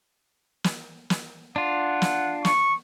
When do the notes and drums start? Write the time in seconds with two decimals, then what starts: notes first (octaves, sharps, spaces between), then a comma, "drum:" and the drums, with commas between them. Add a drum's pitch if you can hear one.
0.64 drum: snare
1.10 drum: snare
1.56 D4 F4 F#5
2.02 drum: snare
2.45 C#6, drum: snare